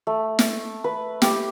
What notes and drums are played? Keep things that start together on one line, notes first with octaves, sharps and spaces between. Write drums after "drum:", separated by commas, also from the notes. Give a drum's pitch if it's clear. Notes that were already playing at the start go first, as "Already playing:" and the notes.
A3
drum: snare
B4
G4, drum: snare